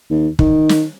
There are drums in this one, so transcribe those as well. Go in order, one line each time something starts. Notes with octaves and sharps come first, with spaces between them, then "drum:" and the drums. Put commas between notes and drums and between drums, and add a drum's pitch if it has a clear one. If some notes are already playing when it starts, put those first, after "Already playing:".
D#2
D#3, drum: kick
drum: snare